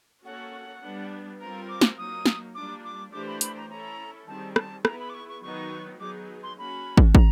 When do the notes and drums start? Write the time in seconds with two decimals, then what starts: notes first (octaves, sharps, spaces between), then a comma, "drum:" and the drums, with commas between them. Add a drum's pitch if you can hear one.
0.24 A#3 C#4 F#4 A4 C#5 F#5
0.82 G3 B3 D4
1.40 G3 C4 F4 A#4 A#5
1.68 D6
1.81 drum: snare
1.97 F#3 A#3 D#4 D#6
2.26 drum: snare
2.54 G3 A#3 D4 F4 D6
2.83 D6
3.12 E3 A3 D4 G4 C5 D6
3.26 B5
3.41 B5, drum: hi-hat
3.56 A#5
3.69 C#4 E4 A4 A#5
4.27 D#3 G3 C4 D#4 G#4 A5
4.56 A5, drum: rim click
4.85 B3 E4 G#4 B4 A#5, drum: rim click
4.99 B5
5.09 D6
5.13 C#6
5.28 C#6
5.42 D#3 F#3 B3 D#4 F#4 C#6
6.00 F#3 B3 D#4 G#4 D6
6.43 C6
6.57 A#3 C#4 F#4 B5
6.97 drum: kick
7.15 A#5, drum: kick